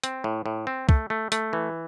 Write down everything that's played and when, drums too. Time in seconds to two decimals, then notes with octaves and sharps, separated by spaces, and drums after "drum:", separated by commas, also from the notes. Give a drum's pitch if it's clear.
0.04 C4, drum: hi-hat
0.24 A2
0.46 A2
0.67 C4
0.89 A3, drum: kick
1.10 A3
1.32 A3, drum: hi-hat
1.53 E3